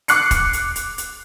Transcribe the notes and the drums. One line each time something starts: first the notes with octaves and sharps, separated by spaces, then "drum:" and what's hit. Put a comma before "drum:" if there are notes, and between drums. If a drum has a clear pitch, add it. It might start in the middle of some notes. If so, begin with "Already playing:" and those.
D6 F#6 C7 C#7, drum: hi-hat
drum: kick, hi-hat
drum: hi-hat
drum: hi-hat
drum: hi-hat